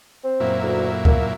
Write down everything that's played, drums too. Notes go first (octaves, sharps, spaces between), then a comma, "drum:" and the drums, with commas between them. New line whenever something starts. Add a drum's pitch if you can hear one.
C4
F#2 A#2 E4
D2
A#3, drum: kick C#2